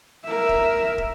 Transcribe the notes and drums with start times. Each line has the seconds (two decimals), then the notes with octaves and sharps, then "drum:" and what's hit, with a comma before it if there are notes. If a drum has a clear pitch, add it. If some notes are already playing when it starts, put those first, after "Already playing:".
0.25 A#4 E5
0.49 drum: kick
0.98 drum: kick